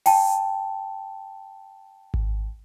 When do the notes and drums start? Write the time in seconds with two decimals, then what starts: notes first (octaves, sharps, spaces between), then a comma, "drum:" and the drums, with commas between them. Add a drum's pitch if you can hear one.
0.06 G5 A5, drum: open hi-hat
2.14 drum: kick G#1